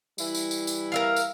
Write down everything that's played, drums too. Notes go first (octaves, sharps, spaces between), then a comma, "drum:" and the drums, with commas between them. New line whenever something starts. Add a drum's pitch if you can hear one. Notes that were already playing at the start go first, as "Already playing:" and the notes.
E3 G3 E4, drum: tambourine
drum: tambourine
drum: tambourine
drum: tambourine
A#4 E5 F5
drum: tambourine